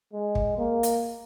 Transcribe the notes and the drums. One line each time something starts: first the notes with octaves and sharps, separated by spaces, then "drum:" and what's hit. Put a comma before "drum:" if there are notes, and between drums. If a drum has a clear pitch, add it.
G#3
drum: kick
A#3
drum: hi-hat